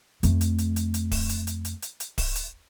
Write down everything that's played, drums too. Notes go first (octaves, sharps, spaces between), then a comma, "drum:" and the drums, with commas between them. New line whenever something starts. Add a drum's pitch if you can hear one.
F2 A3, drum: hi-hat
drum: hi-hat
drum: hi-hat
drum: hi-hat
drum: hi-hat
drum: kick D1, open hi-hat
drum: hi-hat
drum: hi-hat
drum: hi-hat
drum: hi-hat
drum: hi-hat
drum: kick D1, open hi-hat
drum: hi-hat